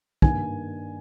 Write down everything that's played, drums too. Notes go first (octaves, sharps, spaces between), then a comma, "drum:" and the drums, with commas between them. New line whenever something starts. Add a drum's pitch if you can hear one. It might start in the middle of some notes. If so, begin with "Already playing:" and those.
G2 D#3 A#3 G#5, drum: kick